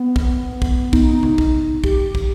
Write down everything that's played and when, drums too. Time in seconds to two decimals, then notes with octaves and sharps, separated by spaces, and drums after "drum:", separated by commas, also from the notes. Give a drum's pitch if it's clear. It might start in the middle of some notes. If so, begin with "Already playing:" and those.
Already playing: B3
0.16 drum: kick
0.62 drum: kick
0.93 D#4, drum: kick
1.23 drum: tom C3
1.38 drum: kick
1.84 G4, drum: kick
2.15 drum: kick